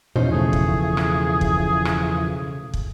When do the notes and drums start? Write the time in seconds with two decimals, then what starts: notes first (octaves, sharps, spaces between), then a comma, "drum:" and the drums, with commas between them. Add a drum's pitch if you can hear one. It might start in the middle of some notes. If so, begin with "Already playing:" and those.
0.16 E2 B2 E3 F3 C#4 D#4 C5
0.31 C#3 A3 G#4
0.53 drum: kick
0.97 drum: rim click
1.41 drum: kick
1.85 drum: rim click
2.74 drum: kick